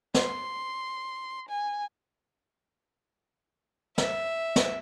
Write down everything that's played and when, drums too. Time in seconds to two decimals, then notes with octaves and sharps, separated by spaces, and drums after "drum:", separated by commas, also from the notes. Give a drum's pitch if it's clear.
0.14 C6, drum: snare
1.49 G#5
3.98 E5, drum: snare
4.56 drum: snare